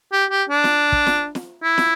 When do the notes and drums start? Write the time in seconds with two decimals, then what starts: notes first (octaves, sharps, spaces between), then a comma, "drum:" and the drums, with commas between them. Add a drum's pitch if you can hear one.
0.12 G4
0.30 G4
0.49 D4
0.64 drum: snare
0.92 drum: kick
1.07 drum: snare
1.35 drum: snare
1.63 E4
1.78 drum: snare